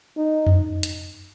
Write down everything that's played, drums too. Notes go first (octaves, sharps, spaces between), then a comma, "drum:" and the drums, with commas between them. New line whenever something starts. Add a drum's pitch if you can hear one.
D#4
drum: tom F2
drum: hi-hat